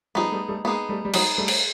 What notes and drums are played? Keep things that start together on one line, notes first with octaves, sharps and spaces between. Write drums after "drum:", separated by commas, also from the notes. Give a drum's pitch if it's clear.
F3 G3 B3 D#4 G#4
G3 A3
G3 A3
G#3 A#3 B3 D#4 G#4
G3 A3
G3
F#3 G#3 B3 D#4 G#4, drum: cymbal
G3 A3
drum: cymbal